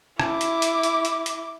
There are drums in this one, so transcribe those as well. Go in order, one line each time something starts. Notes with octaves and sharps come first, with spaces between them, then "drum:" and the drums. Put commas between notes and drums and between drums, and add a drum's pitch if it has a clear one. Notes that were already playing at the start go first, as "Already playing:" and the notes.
E4 D6, drum: rim click
drum: hi-hat
drum: hi-hat
drum: hi-hat
drum: hi-hat
drum: hi-hat